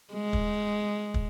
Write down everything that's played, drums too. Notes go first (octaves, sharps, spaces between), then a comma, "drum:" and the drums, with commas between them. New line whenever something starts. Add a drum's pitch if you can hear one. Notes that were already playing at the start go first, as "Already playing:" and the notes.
G#3
drum: kick
drum: kick